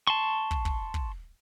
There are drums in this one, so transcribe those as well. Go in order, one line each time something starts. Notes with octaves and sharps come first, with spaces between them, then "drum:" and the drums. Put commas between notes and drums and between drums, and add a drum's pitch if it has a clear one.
A5 C6 C#6
drum: kick
drum: kick
drum: kick